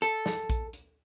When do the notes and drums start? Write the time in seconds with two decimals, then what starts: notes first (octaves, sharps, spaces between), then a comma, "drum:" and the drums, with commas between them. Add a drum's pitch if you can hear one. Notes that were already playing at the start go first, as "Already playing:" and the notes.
0.02 A4, drum: hi-hat
0.26 drum: snare
0.50 drum: kick A#1, hi-hat
0.73 drum: hi-hat